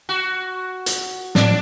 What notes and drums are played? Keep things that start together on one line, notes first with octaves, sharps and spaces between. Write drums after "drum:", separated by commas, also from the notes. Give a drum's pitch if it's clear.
F#4
drum: hi-hat
A2 D4 D5, drum: snare